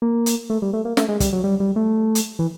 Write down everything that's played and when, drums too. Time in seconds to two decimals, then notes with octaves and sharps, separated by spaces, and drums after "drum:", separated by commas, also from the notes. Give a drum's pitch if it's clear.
0.02 A#3
0.26 drum: hi-hat
0.50 A3
0.62 G3
0.73 A3
0.85 A#3
0.97 A3, drum: snare
1.08 G#3
1.20 G3, drum: kick, hi-hat
1.33 F#3
1.44 G3
1.60 G3
1.76 A3
2.15 drum: hi-hat
2.39 E3